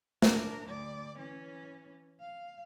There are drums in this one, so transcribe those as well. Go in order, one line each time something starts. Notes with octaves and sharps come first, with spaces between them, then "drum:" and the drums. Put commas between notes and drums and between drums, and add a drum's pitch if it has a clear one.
D4 A#4, drum: snare
D2 D5
E3 C#4
F5